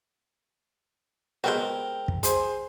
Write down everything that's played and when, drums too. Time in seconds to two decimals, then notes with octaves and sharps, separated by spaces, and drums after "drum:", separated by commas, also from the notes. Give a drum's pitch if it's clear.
1.44 G#3 B3 C4 F#4 A#4 G5
2.08 drum: kick
2.23 G#4 C5 C6, drum: hi-hat